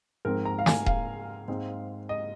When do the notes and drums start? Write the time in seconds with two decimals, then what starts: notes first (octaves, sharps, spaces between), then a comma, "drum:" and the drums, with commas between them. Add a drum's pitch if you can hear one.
0.25 G#2 F3 C4 A#4
0.45 A#5
0.59 F5
0.66 G#5, drum: snare
0.86 F5, drum: kick D#1
1.48 G#2 G#3 C4
2.09 D#5